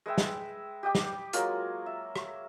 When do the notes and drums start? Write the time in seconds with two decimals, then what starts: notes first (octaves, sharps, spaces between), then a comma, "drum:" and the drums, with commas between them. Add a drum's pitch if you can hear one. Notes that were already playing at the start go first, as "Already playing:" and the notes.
0.06 G#3 B4 E5 G5
0.18 drum: snare
0.83 G4 D#5 G5 D6
0.95 drum: snare
1.33 F#3 G#3 A#3 F4, drum: hi-hat
1.86 E5
2.16 drum: rim click